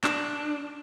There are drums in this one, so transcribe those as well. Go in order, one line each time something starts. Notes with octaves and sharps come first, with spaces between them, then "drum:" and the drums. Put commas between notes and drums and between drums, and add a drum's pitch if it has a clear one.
D4, drum: clap